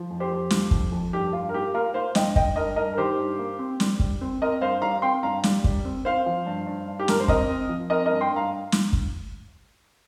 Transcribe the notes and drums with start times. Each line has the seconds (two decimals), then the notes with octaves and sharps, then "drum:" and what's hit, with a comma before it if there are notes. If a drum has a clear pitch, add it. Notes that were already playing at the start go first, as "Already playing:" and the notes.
Already playing: F3
0.10 F2
0.20 G4 C5
0.31 F2
0.50 F3, drum: snare
0.71 F2, drum: kick
0.92 F2
1.13 G2 G4
1.33 G2 F4
1.49 A#4
1.54 A#3 G4
1.74 A#3 F4 A#4
1.94 A#3 C5 F5
2.15 G2 D#5 G5, drum: snare
2.36 G2 D#5 G5, drum: kick
2.56 G2 A#4 D#5
2.76 G2 A#4 D#5
2.93 A#4
2.97 D#3 G4 C5
3.17 G2
3.39 A#3
3.59 C4
3.80 G3, drum: snare
4.00 G3, drum: kick
4.21 C4
4.42 C4 A#4 D#5
4.61 G2 C5 F5
4.82 G3 F5 A#5
5.02 C4 G5 C6
5.23 G2 F5 A#5
5.44 G3, drum: snare
5.64 G3, drum: kick
5.85 C4
6.05 C4 C5 F5
6.26 F3
6.47 G2
6.66 G2
6.87 G2
6.99 G4
7.08 G2 A#4, drum: snare
7.20 C5
7.28 C4 A#4 D#5, drum: kick
7.49 C4
7.69 F3
7.90 C4 A#4 D#5
8.06 G2 A#4 D#5
8.21 G5 C6
8.31 G2
8.36 F5 A#5
8.72 drum: snare
8.93 drum: kick